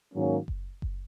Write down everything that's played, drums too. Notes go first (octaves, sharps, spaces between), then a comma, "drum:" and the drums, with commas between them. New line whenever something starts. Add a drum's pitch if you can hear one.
G#2 D#3 F#3 A#3 C#4
drum: kick F#1
drum: kick F#1